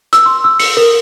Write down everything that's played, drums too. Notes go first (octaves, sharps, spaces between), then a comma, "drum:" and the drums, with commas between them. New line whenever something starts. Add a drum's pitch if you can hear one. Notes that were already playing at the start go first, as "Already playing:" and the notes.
E6, drum: hi-hat
C6
E6
C#7, drum: open hi-hat
A#4